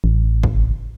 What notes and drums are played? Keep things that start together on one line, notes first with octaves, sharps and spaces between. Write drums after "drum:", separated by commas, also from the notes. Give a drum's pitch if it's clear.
A1
drum: kick